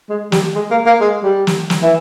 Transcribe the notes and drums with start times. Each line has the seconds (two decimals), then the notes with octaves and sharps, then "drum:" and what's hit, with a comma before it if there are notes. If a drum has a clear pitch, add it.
0.10 G#3
0.32 G3, drum: snare
0.56 G#3
0.71 A#3
0.86 A#3
1.01 G#3
1.24 G3
1.47 drum: snare
1.70 drum: snare
1.83 E3